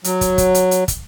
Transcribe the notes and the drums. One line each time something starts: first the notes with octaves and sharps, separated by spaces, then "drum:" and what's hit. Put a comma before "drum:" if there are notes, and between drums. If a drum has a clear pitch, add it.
F#3, drum: hi-hat
drum: kick, hi-hat
drum: kick, hi-hat
drum: hi-hat
drum: hi-hat
drum: kick, hi-hat